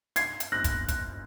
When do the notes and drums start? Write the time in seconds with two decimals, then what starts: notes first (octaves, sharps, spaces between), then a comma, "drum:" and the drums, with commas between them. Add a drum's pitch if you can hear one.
0.16 G#6 C7, drum: hi-hat
0.40 drum: hi-hat
0.52 F#6 A#6
0.64 drum: kick, hi-hat
0.88 drum: kick, hi-hat